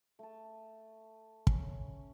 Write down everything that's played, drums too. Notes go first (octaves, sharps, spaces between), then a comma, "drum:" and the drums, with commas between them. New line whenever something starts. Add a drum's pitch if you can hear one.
A3 A5
C#3 C#4, drum: kick